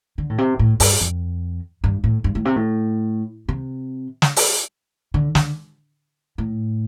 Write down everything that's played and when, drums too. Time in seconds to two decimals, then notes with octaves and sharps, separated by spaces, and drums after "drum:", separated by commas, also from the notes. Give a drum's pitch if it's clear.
0.18 D3
0.30 A2
0.38 C3
0.59 A2
0.80 G2, drum: open hi-hat
1.01 F2
1.84 G2
2.04 A2
2.24 G2
2.35 A2
2.45 C3
2.56 A2
3.49 C3
4.22 drum: snare
4.36 drum: open hi-hat
5.14 D3
5.35 D3, drum: snare
6.38 A2